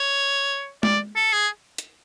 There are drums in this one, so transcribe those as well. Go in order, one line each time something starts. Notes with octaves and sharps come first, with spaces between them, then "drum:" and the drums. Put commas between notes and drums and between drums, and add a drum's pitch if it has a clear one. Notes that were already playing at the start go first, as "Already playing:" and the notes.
Already playing: C#5
D5, drum: tom G#3
A4
G#4
drum: hi-hat